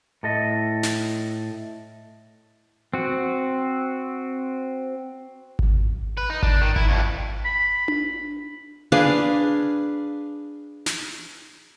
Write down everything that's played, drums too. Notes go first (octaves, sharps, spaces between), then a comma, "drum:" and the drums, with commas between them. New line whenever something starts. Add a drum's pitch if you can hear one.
A2 A4 D#5
drum: snare
C4 F#4
drum: kick G#1
B4
D#4
D4, drum: kick G#1
D#3
E4, drum: kick G#1
F2 A3
B5
drum: tom D4
D4 G#4 B4 F5
drum: snare